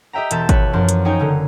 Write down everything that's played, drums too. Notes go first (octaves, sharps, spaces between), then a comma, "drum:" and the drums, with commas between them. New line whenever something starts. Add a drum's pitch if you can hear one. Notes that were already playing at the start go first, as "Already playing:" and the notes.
G4 D#5 E5 G5 A#5
E1 A5 G6 A6 E7, drum: hi-hat
B4 C#5, drum: kick G#1, hi-hat
F#2 F3
drum: hi-hat
C#4 D#4 C#5 G5 G#5 A#5
F#1 D3